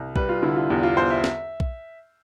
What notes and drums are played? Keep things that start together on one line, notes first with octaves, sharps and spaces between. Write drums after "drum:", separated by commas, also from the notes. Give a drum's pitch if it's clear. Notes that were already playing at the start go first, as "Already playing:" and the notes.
Already playing: C2
G3 B4, drum: kick B1
F4
D3 E4
F4
E2 G4
F4
E2 C5
E5
drum: snare
drum: kick B1